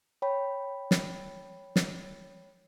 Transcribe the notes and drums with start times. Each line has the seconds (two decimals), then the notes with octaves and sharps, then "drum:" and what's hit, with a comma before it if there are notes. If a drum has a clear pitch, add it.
0.22 C#5 G5 B5
0.91 drum: snare
1.76 drum: snare